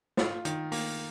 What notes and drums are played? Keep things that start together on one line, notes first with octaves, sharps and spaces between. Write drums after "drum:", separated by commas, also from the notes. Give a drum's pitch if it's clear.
F4, drum: snare
D#3, drum: hi-hat
A#3, drum: open hi-hat